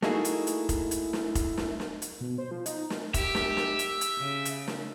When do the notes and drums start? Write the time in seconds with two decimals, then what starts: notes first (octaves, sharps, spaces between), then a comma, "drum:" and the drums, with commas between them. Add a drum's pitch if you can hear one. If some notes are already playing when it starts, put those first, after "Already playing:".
0.02 A3 A#3 D#4 E4 F#4 G#4, drum: snare
0.25 drum: hi-hat
0.47 drum: hi-hat
0.69 drum: kick F1, hi-hat
0.91 drum: hi-hat
1.13 drum: snare
1.35 drum: kick F1, hi-hat
1.57 drum: snare
1.80 drum: snare
2.02 drum: hi-hat
2.21 B2
2.38 C5
2.51 F3
2.66 D#4, drum: hi-hat
2.90 drum: snare
3.14 G4 E5, drum: kick F1, hi-hat
3.35 drum: snare
3.57 drum: snare
3.79 drum: hi-hat
4.01 drum: hi-hat
4.17 C#3
4.45 drum: hi-hat
4.67 drum: snare